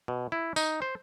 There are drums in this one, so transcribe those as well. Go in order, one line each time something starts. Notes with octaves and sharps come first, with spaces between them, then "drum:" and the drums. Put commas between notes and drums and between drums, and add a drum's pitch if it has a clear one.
B2
E4
D#4, drum: tambourine
C5